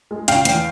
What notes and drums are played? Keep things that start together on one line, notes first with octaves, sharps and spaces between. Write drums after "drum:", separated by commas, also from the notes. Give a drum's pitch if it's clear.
G#3
C#3 F5 G5, drum: hi-hat
E2, drum: hi-hat